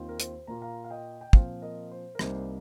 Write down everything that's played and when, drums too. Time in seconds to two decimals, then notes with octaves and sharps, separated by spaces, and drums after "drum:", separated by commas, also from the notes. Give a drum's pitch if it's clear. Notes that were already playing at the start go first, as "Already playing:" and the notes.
Already playing: D#2 D#3 C4 F4
0.09 A#4
0.20 C5, drum: hi-hat
0.47 A#2 A#3 F4 A#5
0.62 F5 A#5
0.84 F5
0.90 D#5 G5
1.21 G5
1.33 A#2 F3 C4 C5 F5, drum: kick
1.62 A#4 D#5
1.92 C5
2.15 A#4
2.19 C2 C3 G3 A#3 D#4 C5, drum: rim click